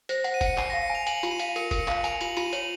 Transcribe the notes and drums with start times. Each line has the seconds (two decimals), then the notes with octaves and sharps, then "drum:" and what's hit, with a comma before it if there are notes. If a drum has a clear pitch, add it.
0.09 C5 A#6, drum: hi-hat
0.24 F#5, drum: hi-hat
0.34 D#7
0.41 F#5 C#7, drum: kick F1, hi-hat
0.58 G#5 C7, drum: clap
0.70 F5 A#6
0.81 C#7
0.90 G#5
0.95 F7
1.07 G#5 F#7, drum: hi-hat
1.23 F4, drum: hi-hat
1.31 D#7
1.39 F5, drum: hi-hat
1.56 A#4 C#7, drum: hi-hat
1.71 A#4, drum: kick F1, hi-hat
1.79 C#7
1.88 F5, drum: clap
2.04 G#5 F7, drum: hi-hat
2.21 F4 F#7, drum: hi-hat
2.37 F4 D#7, drum: hi-hat
2.53 C#5 F#7, drum: hi-hat